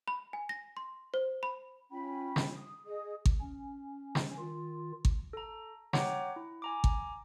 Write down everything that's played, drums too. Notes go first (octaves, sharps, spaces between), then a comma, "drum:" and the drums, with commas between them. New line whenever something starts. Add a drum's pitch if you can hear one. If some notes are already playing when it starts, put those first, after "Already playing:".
B5
G#5
A#6
C6
C5
B5
C#4 F4 G5 B5
drum: snare
D#6
G#4 D#5 D#6
drum: kick G#1
C#4
drum: snare
D#3 F4
drum: kick G#1
A4 A#5
C#5 F#5 G5 A#5 D6, drum: snare
E4
G#5 A#5 D6
drum: kick G#1